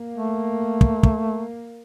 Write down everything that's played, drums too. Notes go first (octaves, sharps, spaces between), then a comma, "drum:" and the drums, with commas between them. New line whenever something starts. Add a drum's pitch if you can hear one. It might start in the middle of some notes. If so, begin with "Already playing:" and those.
Already playing: A#3
A3
drum: kick
drum: kick